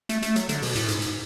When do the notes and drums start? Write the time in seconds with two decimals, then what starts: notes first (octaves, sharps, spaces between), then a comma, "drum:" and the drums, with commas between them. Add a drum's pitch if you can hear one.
0.09 A3, drum: hi-hat
0.22 A3, drum: hi-hat
0.36 F#3, drum: hi-hat
0.49 D3, drum: hi-hat
0.62 B2, drum: open hi-hat
0.75 A2, drum: hi-hat
0.88 G#2, drum: hi-hat
1.02 drum: hi-hat